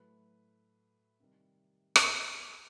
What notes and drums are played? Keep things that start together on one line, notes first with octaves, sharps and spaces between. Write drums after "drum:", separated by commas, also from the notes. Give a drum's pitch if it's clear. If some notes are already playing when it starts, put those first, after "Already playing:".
Already playing: A2 F#3 A3 B4
C3 D#3 G3
drum: rim click